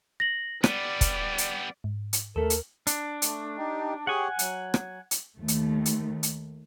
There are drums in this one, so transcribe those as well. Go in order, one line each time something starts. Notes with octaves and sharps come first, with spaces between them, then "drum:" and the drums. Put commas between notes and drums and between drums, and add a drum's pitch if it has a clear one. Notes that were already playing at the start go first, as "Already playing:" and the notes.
A#6 F#7
G3 B3 D5 D#7, drum: rim click
drum: kick, hi-hat
drum: hi-hat
G#2
drum: hi-hat
D#2 A3 A4 A#4
drum: hi-hat
D4, drum: hi-hat
A3, drum: hi-hat
D#4 G4
G4 G#4 C#5 F#5 G#5
F#3, drum: hi-hat
drum: rim click
drum: hi-hat
D#2 D#3 A3
drum: hi-hat
drum: hi-hat
drum: hi-hat